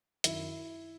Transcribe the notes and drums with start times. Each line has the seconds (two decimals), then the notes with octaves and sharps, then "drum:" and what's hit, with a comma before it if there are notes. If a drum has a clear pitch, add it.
0.24 F#2 D#3 E4, drum: hi-hat